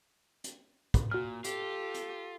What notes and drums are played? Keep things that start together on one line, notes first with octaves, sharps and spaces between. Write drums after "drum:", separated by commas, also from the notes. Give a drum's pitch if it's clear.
drum: hi-hat
drum: kick, hi-hat
A#2 F#4 F6
F4 G4 A4, drum: hi-hat
drum: hi-hat